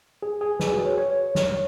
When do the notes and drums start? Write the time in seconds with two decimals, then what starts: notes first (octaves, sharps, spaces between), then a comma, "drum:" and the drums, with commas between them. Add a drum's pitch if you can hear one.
0.23 G#4
0.41 G#4
0.60 B4, drum: snare
0.72 F#4
0.85 C#5
0.98 C#5
1.35 drum: snare